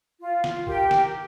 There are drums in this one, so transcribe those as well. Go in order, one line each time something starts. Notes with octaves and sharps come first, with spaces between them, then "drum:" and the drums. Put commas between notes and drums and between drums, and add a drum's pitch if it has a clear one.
F4
F4, drum: snare
G4 A#4 G5, drum: kick
A#4, drum: snare